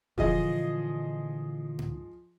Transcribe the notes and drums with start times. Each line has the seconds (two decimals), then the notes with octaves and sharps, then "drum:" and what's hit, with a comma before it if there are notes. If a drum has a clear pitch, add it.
0.18 A#2 D3 E3 F3 G#4 D#5, drum: kick E1
1.79 drum: tom G#2